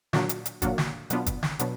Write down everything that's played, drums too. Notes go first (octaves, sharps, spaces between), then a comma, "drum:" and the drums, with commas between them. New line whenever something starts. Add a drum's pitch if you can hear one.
A#2 F#3 A#3 D4 F#4, drum: snare
drum: hi-hat
drum: hi-hat
A#2 F#3 A#3 D4 F#4, drum: kick, hi-hat
drum: snare
B2 F#3 B3 D4 F4, drum: hi-hat
drum: kick, hi-hat
drum: snare
B2 F#3 B3 D4, drum: hi-hat